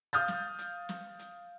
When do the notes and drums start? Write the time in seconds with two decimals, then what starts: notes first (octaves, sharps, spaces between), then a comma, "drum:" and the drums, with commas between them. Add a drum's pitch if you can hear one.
0.13 F5 D#6 F6 G6 A6
0.28 drum: snare
0.59 drum: hi-hat
0.89 drum: snare
1.19 drum: hi-hat